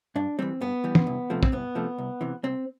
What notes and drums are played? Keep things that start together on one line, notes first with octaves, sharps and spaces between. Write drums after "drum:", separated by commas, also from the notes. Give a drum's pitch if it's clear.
G2 D4
E3 G3 C4
G2 B3
E3 G3
drum: tom
C2
C3 F3 A3
C4, drum: kick
C2 B3
C3 F3 A3
C2
C3 E3
C2 C4